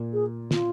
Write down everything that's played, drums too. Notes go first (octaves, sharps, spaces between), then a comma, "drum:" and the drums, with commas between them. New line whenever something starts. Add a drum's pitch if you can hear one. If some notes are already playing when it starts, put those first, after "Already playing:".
Already playing: A#2
G#4
F4, drum: snare